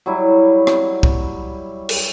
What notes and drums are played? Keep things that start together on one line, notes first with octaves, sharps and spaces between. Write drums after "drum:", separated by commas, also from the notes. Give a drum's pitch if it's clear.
F#3 G3 E4
drum: rim click
drum: kick
drum: cymbal